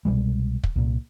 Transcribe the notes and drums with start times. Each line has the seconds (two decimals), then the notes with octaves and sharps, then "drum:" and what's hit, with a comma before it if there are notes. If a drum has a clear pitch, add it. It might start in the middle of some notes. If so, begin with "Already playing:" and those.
0.05 C2 B2 G3 G#3
0.64 drum: kick
0.76 C2 A#2